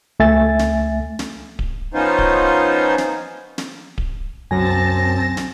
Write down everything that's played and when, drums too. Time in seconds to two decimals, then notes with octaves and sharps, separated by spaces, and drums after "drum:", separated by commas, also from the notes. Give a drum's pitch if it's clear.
0.19 C#2 A3 E5 G#5 A6
0.59 drum: snare
1.19 drum: snare
1.59 drum: kick D1
1.94 F3 B3 C#4 D#4 F4 C5
2.19 drum: kick D1
2.98 drum: snare
3.58 drum: snare
3.98 drum: kick D1
4.51 C2 F#2 F#3 C4 G#5 A5 A6 A#6
5.37 drum: snare